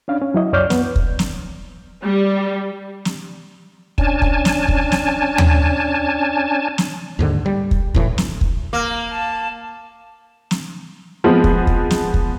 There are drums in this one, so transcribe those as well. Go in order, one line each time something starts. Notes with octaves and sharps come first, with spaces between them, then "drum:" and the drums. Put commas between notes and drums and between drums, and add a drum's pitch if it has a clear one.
C#4 D4 F5
C#4
F#3 E4 D#5
C2 F#2 C#5 D5 F6 G6
B3, drum: snare
drum: kick
drum: snare
G3
drum: snare
C#4 D4 G#5 A5, drum: kick
drum: kick
drum: snare
drum: kick
drum: snare
drum: tom
drum: snare
D#2 G#2 D3
G3
drum: kick
E1 A2 E3, drum: kick
drum: snare
drum: kick
A#3 D6 F6
A5
drum: snare
F3 G#3 B3 C4
drum: kick
drum: kick
drum: snare
drum: kick